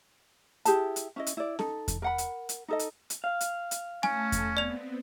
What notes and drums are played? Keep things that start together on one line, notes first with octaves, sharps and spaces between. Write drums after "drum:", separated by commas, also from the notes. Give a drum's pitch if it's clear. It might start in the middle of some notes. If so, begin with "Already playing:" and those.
E4 G4 G#4 A5, drum: hi-hat
drum: hi-hat
C#4 E4 D#5
drum: hi-hat
E4 D5
D#4 A4, drum: snare C#4
drum: kick E2, hi-hat
A#4 F#5 B5
drum: hi-hat
drum: hi-hat
D#4 A4 D#5
drum: hi-hat
drum: hi-hat
F5
drum: hi-hat
drum: hi-hat
A3 C#4 G#5 A5 A#6, drum: snare C#4
drum: kick E2, hi-hat
B3 C4 D5 F7